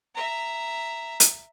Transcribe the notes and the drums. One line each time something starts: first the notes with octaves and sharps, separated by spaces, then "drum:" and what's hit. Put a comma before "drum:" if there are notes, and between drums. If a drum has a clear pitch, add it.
E5 A#5
drum: hi-hat